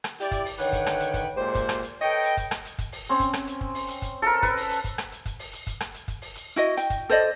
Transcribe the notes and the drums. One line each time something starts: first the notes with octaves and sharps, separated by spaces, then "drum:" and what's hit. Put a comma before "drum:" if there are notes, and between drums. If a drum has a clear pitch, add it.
drum: rim click
E4 G4 D5, drum: hi-hat
drum: kick, hi-hat
drum: open hi-hat
D3 D#3 B4 C#5 F#5 G5, drum: hi-hat
drum: kick, hi-hat
drum: rim click
drum: hi-hat
drum: kick, hi-hat
A#2 G#3 G4 C5
drum: kick, hi-hat
drum: rim click
drum: hi-hat
A4 B4 C#5 D#5 G5
drum: hi-hat
drum: kick, hi-hat
drum: rim click
drum: hi-hat
drum: kick, hi-hat
drum: open hi-hat
C4 C#4
drum: kick, hi-hat
drum: rim click
drum: hi-hat
drum: kick
drum: open hi-hat
drum: hi-hat
drum: kick, hi-hat
A4 A#4
B4, drum: kick, hi-hat
drum: open hi-hat
drum: hi-hat
drum: kick, hi-hat
drum: rim click
drum: hi-hat
drum: kick, hi-hat
drum: open hi-hat
drum: hi-hat
drum: kick, hi-hat
drum: rim click
drum: hi-hat
drum: kick, hi-hat
drum: open hi-hat
drum: hi-hat
E4 F#4 D#5
G5, drum: hi-hat
drum: kick, hi-hat
A4 C5 D5 D#5